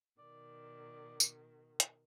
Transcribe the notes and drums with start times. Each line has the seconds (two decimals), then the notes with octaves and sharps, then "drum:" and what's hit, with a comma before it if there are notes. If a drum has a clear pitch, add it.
0.19 B2 D#3 D5
1.20 drum: tambourine
1.80 drum: hi-hat